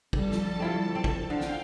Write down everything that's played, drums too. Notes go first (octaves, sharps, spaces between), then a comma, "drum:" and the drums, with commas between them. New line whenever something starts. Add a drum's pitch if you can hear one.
D3 F3 G3 A4 A5, drum: kick
drum: snare
C4 E4 F4
C4
drum: kick
D3 F5 G5
drum: snare